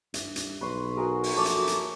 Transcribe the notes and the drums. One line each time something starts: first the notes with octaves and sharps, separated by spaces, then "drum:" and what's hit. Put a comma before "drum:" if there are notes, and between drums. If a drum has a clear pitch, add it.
G2 E5, drum: hi-hat
drum: hi-hat
B1 B4 C#5 C6
F#4 G#4 A#4 G#5
drum: open hi-hat
A#1 A3 C#5 A5 D6
drum: hi-hat
drum: hi-hat